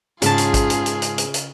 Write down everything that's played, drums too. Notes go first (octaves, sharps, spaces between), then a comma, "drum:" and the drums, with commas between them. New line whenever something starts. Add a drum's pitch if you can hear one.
G#2 C#3 C#4 F4 G#4 A5, drum: hi-hat
drum: hi-hat
drum: kick A1, hi-hat
drum: hi-hat
drum: hi-hat
drum: hi-hat
drum: hi-hat
drum: hi-hat